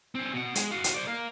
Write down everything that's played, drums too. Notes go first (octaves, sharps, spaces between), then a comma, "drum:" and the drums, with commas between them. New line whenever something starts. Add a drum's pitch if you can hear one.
C4 C#4
B2 F#5
G#3, drum: hi-hat
F#4 F5
drum: hi-hat
C5 D5
A#4 F5